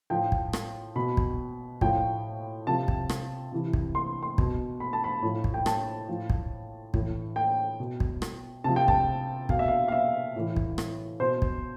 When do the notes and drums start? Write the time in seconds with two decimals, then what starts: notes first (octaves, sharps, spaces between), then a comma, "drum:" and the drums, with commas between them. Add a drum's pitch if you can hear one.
0.10 A2 F3 G5
0.32 drum: kick
0.53 drum: rim click
0.96 B2 B5
1.17 drum: kick
1.81 A2 F3 G5, drum: kick
2.67 C3 F3 A5
2.88 drum: kick
3.09 drum: rim click
3.52 C3 E3
3.73 drum: kick
3.95 C6
4.23 C6
4.38 B2, drum: kick
4.80 B5
4.93 A5
5.04 B5
5.22 A2 F3
5.44 drum: kick
5.54 G5
5.66 A5, drum: rim click
6.08 A2 F3
6.30 drum: kick
6.94 A2 E3, drum: kick
7.36 G5
7.80 B2
8.00 drum: kick
8.22 drum: rim click
8.64 C3 F3 A5
8.76 G5
8.88 A5, drum: kick
9.49 B2 F5, drum: kick
9.59 E5
9.68 F5
9.88 F5
9.92 E5
10.36 A2 E3
10.57 drum: kick
10.78 drum: rim click
11.20 B2 C5
11.42 drum: kick